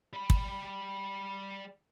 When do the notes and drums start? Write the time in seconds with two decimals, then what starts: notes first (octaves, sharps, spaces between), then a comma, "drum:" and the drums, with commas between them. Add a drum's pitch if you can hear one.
0.13 G3 B5
0.30 drum: kick